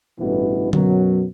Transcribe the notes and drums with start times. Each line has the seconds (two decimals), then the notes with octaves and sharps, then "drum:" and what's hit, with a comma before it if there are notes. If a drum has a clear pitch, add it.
0.19 A1 G2 B2 E3 B3
0.73 F#2 B2 F#3, drum: tom D3